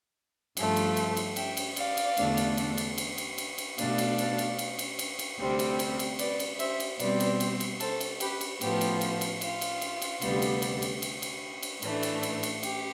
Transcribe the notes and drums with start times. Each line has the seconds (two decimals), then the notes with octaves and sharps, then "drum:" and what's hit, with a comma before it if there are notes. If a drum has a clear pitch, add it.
0.57 G2 F3 A3, drum: cymbal
0.76 drum: cymbal
0.96 drum: cymbal
1.17 drum: cymbal
1.36 E5 G5, drum: cymbal
1.57 drum: cymbal
1.76 D5 F5, drum: cymbal
1.97 drum: cymbal
2.17 E2 D3 A3 D4, drum: cymbal
2.37 drum: cymbal
2.57 drum: cymbal
2.78 drum: cymbal
2.98 drum: cymbal
3.18 drum: cymbal
3.38 drum: cymbal
3.58 drum: cymbal
3.78 B2 A3 D4 D5 F5, drum: cymbal
3.98 drum: cymbal
4.18 drum: cymbal
4.38 drum: cymbal
4.59 drum: cymbal
4.79 drum: cymbal
4.99 drum: cymbal
5.19 drum: cymbal
5.39 D2 C3 G3 C4
5.59 drum: cymbal
5.79 drum: cymbal
5.99 drum: cymbal
6.19 B4 D5, drum: cymbal
6.40 drum: cymbal
6.59 C5 E5, drum: cymbal
6.80 drum: cymbal
7.00 B2 G3 C4 B4 D5, drum: cymbal
7.20 drum: cymbal
7.40 drum: cymbal
7.60 drum: cymbal
7.80 A4 C5, drum: cymbal
8.00 drum: cymbal
8.20 G4 B4, drum: cymbal
8.41 drum: cymbal
8.61 A2 F3 B3 G4, drum: cymbal
8.81 drum: cymbal
9.01 drum: cymbal
9.21 drum: cymbal
9.41 F4, drum: cymbal
9.61 drum: cymbal
9.81 drum: cymbal
10.02 drum: cymbal
10.22 D2 C3 G3 B3, drum: cymbal
10.42 drum: cymbal
10.62 drum: cymbal
10.82 drum: cymbal
11.02 drum: cymbal
11.22 drum: cymbal
11.63 drum: cymbal
11.82 A2 E3 A3 D4, drum: cymbal
12.03 drum: cymbal
12.23 drum: cymbal
12.43 drum: cymbal
12.63 G4, drum: cymbal